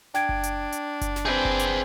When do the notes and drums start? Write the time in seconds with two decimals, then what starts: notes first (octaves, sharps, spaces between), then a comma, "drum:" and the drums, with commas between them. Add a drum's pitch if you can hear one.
0.14 D4 G5 G#6 D7, drum: snare
0.29 drum: kick F#1
0.43 drum: hi-hat
0.72 drum: hi-hat
1.01 drum: kick F#1, hi-hat
1.16 drum: snare
1.25 C4 G#4 B4 G6
1.45 drum: kick F#1
1.59 drum: hi-hat